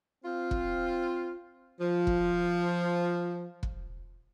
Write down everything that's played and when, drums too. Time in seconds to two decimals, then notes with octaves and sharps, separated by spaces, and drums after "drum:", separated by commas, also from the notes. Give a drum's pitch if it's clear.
0.25 C4 F4
0.51 drum: kick
1.80 F3
2.07 drum: kick
3.63 drum: kick